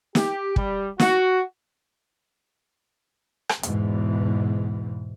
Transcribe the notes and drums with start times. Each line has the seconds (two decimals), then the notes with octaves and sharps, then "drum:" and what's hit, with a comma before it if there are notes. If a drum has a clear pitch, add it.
0.15 G4, drum: snare
0.56 G3, drum: kick
1.00 F#4, drum: snare
3.49 drum: rim click
3.63 E2 G#2 B2 E3, drum: hi-hat